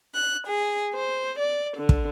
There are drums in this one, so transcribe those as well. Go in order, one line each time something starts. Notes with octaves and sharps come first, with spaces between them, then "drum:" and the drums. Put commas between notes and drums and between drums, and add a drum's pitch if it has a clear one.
F#6
G#4
C5
D5
D3
drum: kick